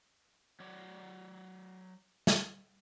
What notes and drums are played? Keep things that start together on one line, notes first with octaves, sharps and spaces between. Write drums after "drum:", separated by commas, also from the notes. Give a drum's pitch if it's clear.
F#3 C#5 D5
drum: snare